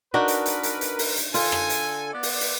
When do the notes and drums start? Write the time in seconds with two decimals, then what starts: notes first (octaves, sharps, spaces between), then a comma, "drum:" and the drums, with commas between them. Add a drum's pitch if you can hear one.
0.14 D4 D#4 F#4 A#4 B4
0.28 drum: hi-hat
0.46 drum: hi-hat
0.63 drum: hi-hat
0.81 drum: hi-hat
0.99 drum: open hi-hat
1.17 drum: hi-hat
1.34 D3 F4 A4 G#5, drum: open hi-hat
1.52 drum: rim click
1.70 drum: hi-hat
2.13 B3 D5
2.23 drum: open hi-hat
2.41 drum: open hi-hat